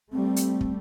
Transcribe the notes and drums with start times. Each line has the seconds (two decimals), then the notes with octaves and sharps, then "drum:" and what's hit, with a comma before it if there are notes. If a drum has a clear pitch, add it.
0.12 G3 A3 C4
0.36 drum: hi-hat
0.61 drum: kick